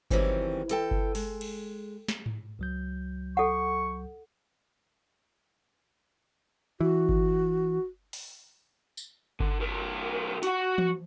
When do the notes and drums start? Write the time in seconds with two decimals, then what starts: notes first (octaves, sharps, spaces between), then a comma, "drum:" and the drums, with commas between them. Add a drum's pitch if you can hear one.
0.11 D#3 E3 F#3 G3 C4 C#4, drum: kick G1
0.69 E3 A4 G5, drum: hi-hat
0.91 drum: kick G1
1.15 G#3, drum: open hi-hat
1.41 drum: cymbal
2.08 drum: snare
2.26 drum: tom G#2
2.59 C#2 F#3 G6
3.37 A4 F#5 C#6
6.80 E3 F#4
7.09 drum: kick G1
8.13 drum: open hi-hat
8.97 drum: tambourine
9.40 D3, drum: kick G1
9.60 B1 A#4
10.43 F#4 F#5, drum: hi-hat
10.78 drum: tom E3